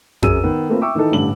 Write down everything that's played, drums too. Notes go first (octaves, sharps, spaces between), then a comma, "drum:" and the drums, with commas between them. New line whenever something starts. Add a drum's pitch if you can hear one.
F#2 G#4 A#4 E6 D#7, drum: tom F2
D#3 B3
A3 A#3 C4 F4 B4
E5 G5 C#6 D6 E6
D#3 E3 D#4 A4
A1 G2 D3 F#7